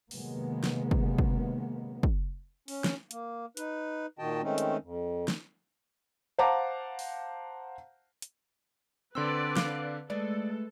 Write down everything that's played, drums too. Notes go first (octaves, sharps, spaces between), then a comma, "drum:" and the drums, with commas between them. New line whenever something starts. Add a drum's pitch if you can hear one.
C3 D#3 F#3 G#3 A#3 B3, drum: open hi-hat
drum: snare
drum: kick
drum: kick
drum: kick
C#4, drum: open hi-hat
drum: snare
A#3, drum: hi-hat
D#4 B4, drum: hi-hat
A#2 D#3 F#4 D#5 G5 A5
D#3 G#3 A3 C4 C#4 D#4
drum: hi-hat
F2
drum: snare
C5 F5 F#5 A5 A#5 D6
drum: open hi-hat
drum: hi-hat
D3 C4 B4 D5 C6 E6
F5 D6 F#6, drum: snare
G#3 A3 A4 B4 D5